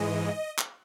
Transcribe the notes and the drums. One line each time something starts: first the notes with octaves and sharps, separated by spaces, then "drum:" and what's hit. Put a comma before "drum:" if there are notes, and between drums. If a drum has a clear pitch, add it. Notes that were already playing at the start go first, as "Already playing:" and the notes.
Already playing: G#2 E3 G#3 D#5
drum: clap